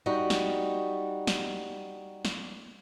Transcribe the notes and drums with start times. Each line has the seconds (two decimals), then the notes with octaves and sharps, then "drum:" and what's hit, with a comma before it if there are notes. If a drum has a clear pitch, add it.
0.06 G3 D#4 F#4
0.30 drum: snare
1.27 drum: snare
2.25 drum: snare